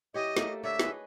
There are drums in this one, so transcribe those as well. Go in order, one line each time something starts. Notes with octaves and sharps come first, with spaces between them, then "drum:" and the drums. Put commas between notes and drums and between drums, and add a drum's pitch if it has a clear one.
E3 G4 C#5 D#5
A3 A#3 A4, drum: snare
D3 C#5 D5 E5
G#4 B4 D#5, drum: snare